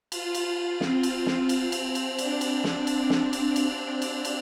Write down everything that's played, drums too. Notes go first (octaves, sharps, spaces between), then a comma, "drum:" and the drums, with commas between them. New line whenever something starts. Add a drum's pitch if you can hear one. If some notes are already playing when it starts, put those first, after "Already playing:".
F4, drum: cymbal
drum: cymbal
C4, drum: snare
drum: cymbal
drum: snare
drum: cymbal
drum: cymbal
drum: cymbal
D4, drum: cymbal
drum: cymbal
drum: snare
drum: cymbal
drum: snare
drum: cymbal
drum: cymbal
drum: cymbal
drum: cymbal